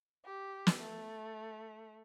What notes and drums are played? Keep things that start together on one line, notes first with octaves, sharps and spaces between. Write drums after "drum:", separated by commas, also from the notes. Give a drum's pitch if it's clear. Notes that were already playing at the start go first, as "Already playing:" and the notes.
G4
drum: snare
A3